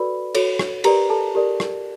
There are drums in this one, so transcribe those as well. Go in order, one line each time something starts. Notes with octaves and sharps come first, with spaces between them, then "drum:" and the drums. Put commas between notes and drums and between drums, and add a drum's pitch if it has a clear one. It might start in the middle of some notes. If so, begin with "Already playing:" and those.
Already playing: F#4 A4 B4 D5 B5
F#4 A4 C#5, drum: cymbal
drum: rim click
G4 A#4 B4 D5 A#5, drum: cymbal
A4 A5
G4 A#4 D5
drum: rim click